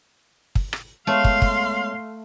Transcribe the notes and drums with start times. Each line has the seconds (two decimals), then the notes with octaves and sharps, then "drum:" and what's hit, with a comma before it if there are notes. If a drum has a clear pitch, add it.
0.55 drum: kick
0.73 drum: rim click
1.07 G#3 A3 B3 C#5 F5 C6
1.24 drum: kick
1.42 drum: kick